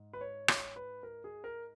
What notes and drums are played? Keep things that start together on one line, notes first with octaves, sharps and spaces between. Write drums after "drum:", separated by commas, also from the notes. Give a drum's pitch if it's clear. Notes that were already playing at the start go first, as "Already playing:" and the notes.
Already playing: G#2
B4
C#5
C#5, drum: rim click
B4
A#4
G#4
A#4